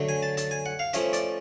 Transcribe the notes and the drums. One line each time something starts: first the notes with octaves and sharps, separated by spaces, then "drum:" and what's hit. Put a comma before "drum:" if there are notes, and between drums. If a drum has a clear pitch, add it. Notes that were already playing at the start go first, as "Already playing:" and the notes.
Already playing: D3 F#3 A3
G#5
A5
A5, drum: hi-hat
G#5
F#5
F5
F3 A3 C#4 E5, drum: hi-hat
D5, drum: hi-hat